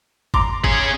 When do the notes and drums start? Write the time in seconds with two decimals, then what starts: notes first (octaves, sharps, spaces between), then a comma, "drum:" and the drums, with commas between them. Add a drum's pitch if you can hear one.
0.34 A#5 C6 D6, drum: kick G#1
0.64 C#4 G#4, drum: kick G#1